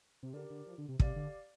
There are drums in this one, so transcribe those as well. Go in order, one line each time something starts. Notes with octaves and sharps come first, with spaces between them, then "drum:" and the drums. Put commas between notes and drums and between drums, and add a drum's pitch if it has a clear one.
C3
D3 G4 A#4 D5
D3
F3
D3
C3
C3 G4 D5 F5, drum: kick
D3